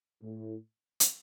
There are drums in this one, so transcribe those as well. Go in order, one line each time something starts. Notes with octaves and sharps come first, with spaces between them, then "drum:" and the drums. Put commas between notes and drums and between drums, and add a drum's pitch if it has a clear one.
A2
drum: hi-hat